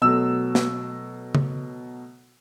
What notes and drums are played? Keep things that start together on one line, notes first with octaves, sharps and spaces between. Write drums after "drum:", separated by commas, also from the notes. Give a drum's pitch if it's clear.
B2 F#3 A3 E6
drum: snare
drum: tom C#3